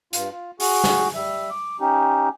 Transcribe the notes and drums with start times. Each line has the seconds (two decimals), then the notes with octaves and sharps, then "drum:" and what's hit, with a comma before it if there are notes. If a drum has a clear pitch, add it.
0.13 G2 F4, drum: hi-hat
0.31 F4
0.60 F#4 G#4, drum: open hi-hat
0.84 drum: snare
1.15 G3 E5
1.51 D6
1.80 C#4 D#4 G4